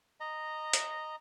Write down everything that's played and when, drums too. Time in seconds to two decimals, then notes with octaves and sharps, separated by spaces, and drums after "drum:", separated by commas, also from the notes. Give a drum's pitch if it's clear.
0.20 D#5 A#5
0.73 drum: hi-hat